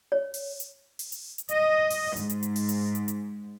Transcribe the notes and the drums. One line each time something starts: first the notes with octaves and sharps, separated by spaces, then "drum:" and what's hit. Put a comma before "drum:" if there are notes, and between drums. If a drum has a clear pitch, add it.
C#5
drum: open hi-hat
drum: hi-hat
drum: open hi-hat
drum: hi-hat
drum: hi-hat
D#5, drum: hi-hat
drum: open hi-hat
G#2, drum: hi-hat
drum: hi-hat
drum: hi-hat
drum: open hi-hat
drum: hi-hat
drum: hi-hat
drum: hi-hat